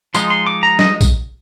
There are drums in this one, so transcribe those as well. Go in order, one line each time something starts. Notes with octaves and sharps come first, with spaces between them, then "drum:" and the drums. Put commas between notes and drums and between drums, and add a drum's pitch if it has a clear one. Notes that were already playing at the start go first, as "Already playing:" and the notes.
F3 G#3 D#4 C6, drum: tambourine
C6
D6
A#5
D#5, drum: snare
drum: kick, tambourine